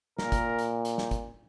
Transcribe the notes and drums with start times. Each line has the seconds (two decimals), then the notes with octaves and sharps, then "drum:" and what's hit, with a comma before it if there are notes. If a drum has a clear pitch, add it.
0.19 A#2 A#4, drum: snare
0.32 drum: kick, hi-hat
0.58 drum: hi-hat
0.85 drum: hi-hat
0.98 drum: snare
1.11 drum: kick, hi-hat